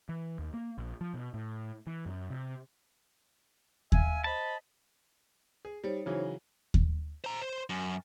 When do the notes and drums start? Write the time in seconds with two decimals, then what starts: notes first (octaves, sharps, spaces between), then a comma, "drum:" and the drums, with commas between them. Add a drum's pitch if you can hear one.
0.09 E3
0.39 D#2
0.54 A#3
0.78 A#1
1.01 F3
1.14 B2
1.34 A2
1.87 E3
2.06 F#2
2.30 C3
3.92 E5 F5 G#5, drum: kick D#2
4.24 C5 D#5 A5 B5
5.65 G#4
5.84 G3 D#4 C5 C#5
6.06 C#3 E3 F#3
6.74 drum: kick D#2
7.24 C5 A#5
7.41 C5
7.70 F#2